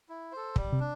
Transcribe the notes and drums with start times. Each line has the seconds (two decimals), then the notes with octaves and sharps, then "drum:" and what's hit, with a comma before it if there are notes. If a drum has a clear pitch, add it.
0.09 E4
0.32 A4 C5
0.56 G3, drum: kick
0.73 C3
0.80 D4